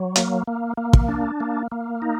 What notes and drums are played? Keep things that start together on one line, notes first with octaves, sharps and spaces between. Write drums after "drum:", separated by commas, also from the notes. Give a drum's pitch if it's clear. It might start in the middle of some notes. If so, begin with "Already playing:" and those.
Already playing: F#3
A#3, drum: hi-hat
A#3
A#3
drum: kick
D4
A#3
A#3
D#4